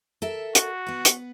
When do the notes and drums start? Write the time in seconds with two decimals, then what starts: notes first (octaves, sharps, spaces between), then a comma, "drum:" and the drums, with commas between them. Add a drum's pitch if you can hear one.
0.22 A4 A#4 E5
0.55 F#4, drum: hi-hat
0.87 B3 B4
1.05 drum: hi-hat